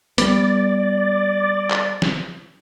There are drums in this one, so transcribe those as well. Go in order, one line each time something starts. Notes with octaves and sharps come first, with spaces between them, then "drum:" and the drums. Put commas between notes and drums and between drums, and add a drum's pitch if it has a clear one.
G3 A#3 B3 D5, drum: hi-hat
drum: clap
drum: snare